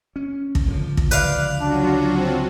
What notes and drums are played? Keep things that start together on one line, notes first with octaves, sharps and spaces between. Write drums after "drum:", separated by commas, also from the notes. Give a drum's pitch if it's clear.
C#4
drum: kick
C#2 D3 F3
drum: kick
B4 D5 F5, drum: hi-hat
F#3 D4 F4 F#4
C4